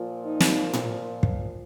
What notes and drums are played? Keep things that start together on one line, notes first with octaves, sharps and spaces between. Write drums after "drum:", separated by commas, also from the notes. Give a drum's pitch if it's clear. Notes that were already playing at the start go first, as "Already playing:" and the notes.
Already playing: A#2 F3
D#4
drum: snare
drum: tom A2
drum: kick